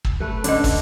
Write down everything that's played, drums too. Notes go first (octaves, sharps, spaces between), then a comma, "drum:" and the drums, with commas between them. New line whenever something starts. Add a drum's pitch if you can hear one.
drum: kick
A3 B4
D3 C#4 D4 D#5, drum: hi-hat
drum: kick, open hi-hat